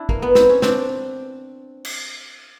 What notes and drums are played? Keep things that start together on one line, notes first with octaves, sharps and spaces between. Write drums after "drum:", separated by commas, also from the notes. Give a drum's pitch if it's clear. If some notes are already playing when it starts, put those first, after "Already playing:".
Already playing: C4 D4 E4
A#3, drum: kick
B3
C4, drum: snare
C#4
C4 D4, drum: snare
drum: cymbal